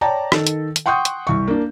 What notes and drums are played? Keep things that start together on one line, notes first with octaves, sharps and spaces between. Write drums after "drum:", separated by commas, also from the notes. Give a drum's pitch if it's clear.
C#5 D5 G5 A5 A#5
D#3 A4, drum: rim click
drum: hi-hat
drum: hi-hat
F#5 G5 C6 C#6 D#6 G6
drum: hi-hat
C2 C#6
A#3 D4